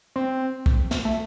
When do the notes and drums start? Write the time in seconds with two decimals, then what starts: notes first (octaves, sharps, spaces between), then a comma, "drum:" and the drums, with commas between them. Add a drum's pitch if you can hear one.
0.16 C4
0.66 drum: kick
0.91 drum: snare
1.05 A3